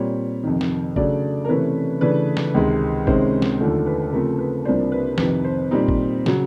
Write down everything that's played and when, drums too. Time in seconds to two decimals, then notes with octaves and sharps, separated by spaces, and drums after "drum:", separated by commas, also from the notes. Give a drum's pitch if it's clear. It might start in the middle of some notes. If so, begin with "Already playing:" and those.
Already playing: A#2 G3 C4 C#5
0.43 F2 C3 D#3
0.61 drum: snare
0.96 C#3 F#3 A3 D4 D5, drum: kick
1.45 A#4
1.49 C3 E3 A3 C#4 B4
2.01 C#3 E3 A3 D4 B4
2.37 drum: snare
2.54 C#2 C3 D#3 G#3 C4
3.07 C3 D#3 G#3 C#4 C5, drum: kick
3.42 drum: snare
3.60 D#2 D3 F3 A3
3.86 B4
4.12 C#3 F3 A3 C4 A#4
4.38 B4
4.65 C2 C3 F3 A#3 D4 C5
4.92 B4
5.18 F2 C3 D#3 B4, drum: snare
5.44 C5
5.71 A#2 G3 C4 D#4
5.88 drum: kick
6.26 C#3 F#3, drum: snare